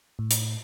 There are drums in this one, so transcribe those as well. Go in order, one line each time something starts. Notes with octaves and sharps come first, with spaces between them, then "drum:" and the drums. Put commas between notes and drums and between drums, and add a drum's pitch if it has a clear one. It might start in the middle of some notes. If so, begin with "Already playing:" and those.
A2
drum: hi-hat